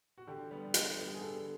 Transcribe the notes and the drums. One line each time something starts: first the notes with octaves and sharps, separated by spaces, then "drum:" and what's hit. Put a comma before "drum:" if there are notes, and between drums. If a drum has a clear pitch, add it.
F#4
D3 G4
G3 B3
D3, drum: hi-hat
G3 B3
G#4
D3 A4